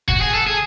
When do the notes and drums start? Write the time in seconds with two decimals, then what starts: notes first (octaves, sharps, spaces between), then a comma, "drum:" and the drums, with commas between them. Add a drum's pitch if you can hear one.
0.08 F#4, drum: kick
0.21 G#4
0.34 A4
0.47 G#4